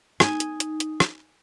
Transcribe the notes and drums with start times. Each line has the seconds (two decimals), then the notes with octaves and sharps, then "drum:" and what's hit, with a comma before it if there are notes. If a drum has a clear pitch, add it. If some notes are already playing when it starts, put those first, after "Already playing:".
0.20 D#4 G#5, drum: rim click
0.40 drum: hi-hat
0.60 drum: hi-hat
0.80 drum: hi-hat
1.00 drum: rim click